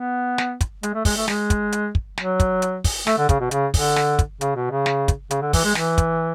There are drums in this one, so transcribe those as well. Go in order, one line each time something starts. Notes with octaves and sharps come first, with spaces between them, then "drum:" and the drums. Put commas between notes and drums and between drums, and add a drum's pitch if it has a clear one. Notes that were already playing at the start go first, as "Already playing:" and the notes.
Already playing: B3
drum: snare
drum: kick, hi-hat
G#3, drum: hi-hat
A3
G#3, drum: kick, open hi-hat
A3
G#3, drum: snare
drum: kick, hi-hat
drum: hi-hat
drum: kick
F#3, drum: snare
drum: kick, hi-hat
drum: hi-hat
drum: kick, open hi-hat
A3, drum: snare
D3
C#3, drum: kick, hi-hat
B2
C#3, drum: hi-hat
D3, drum: kick, open hi-hat
drum: snare
drum: kick, hi-hat
C#3, drum: hi-hat
B2
C#3
drum: snare
drum: kick, hi-hat
C#3, drum: hi-hat
D3
E3, drum: kick, open hi-hat
G#3
E3, drum: snare
drum: kick, hi-hat